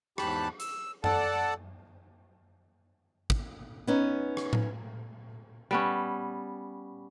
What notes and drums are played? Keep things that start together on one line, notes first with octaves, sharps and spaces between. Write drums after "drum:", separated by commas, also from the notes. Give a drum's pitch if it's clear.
E2 G#2 G4 A5 B5 F#6, drum: rim click
E6, drum: hi-hat
A4 D5 F#5 A5, drum: tom F#2
drum: kick
B3 C#4 D#4
drum: rim click
drum: tom A2
G3 B3 C#4